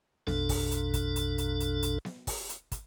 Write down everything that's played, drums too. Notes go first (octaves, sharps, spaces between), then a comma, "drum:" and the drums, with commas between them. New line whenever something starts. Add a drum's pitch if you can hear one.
A#1 F2 B2 D4 A4, drum: snare B3
drum: kick, open hi-hat
drum: hi-hat
drum: kick, hi-hat
drum: hi-hat
drum: hi-hat
drum: hi-hat
drum: hi-hat
drum: snare B3
drum: kick, open hi-hat
drum: hi-hat
drum: kick, hi-hat